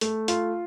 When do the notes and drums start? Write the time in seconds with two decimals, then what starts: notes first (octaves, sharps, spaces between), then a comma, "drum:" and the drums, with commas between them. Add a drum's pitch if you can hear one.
0.01 A3, drum: hi-hat
0.28 F4, drum: hi-hat